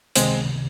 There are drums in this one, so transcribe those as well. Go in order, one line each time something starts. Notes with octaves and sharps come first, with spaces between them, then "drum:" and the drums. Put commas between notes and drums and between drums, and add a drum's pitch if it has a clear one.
C#2 C3 D#3 G#3 C4, drum: hi-hat